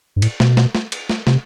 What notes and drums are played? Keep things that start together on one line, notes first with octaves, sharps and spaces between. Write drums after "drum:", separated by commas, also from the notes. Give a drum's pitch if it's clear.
G2
A2, drum: cymbal
B2, drum: snare
drum: snare
drum: snare
drum: cymbal
drum: snare
C3, drum: snare